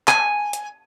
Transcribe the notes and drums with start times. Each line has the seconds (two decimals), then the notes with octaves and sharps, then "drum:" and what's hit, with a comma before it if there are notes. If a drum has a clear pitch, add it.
0.08 G#5, drum: clap
0.53 drum: hi-hat